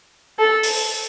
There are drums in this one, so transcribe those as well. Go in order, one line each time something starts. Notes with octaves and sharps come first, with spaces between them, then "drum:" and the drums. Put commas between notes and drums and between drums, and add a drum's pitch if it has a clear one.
A4
drum: open hi-hat